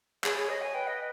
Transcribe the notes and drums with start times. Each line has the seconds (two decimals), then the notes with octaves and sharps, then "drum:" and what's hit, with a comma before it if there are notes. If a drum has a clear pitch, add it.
0.24 G#4 C#5, drum: clap
0.38 G#4
0.49 D#5
0.61 G#5
0.74 B4 G5
0.87 D#5